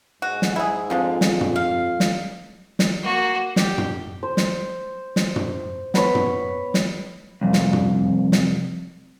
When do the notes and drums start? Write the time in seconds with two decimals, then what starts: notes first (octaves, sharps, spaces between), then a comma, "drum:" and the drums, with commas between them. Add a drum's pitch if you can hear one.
0.22 G#2 F#4
0.42 drum: snare
0.56 E4 G#4
0.90 F2 D3 F3 G#3
1.21 drum: snare
1.41 drum: tom
1.56 F5
2.00 drum: snare
2.79 drum: snare
3.04 A#3 F#4
3.56 G4, drum: snare
3.78 drum: tom
4.23 C5
4.37 drum: snare
5.16 drum: snare
5.36 drum: tom
5.94 B3 B4 C#5, drum: snare
6.15 drum: tom
6.74 drum: snare
7.41 C2 F2
7.53 drum: snare
7.73 drum: tom
8.32 drum: snare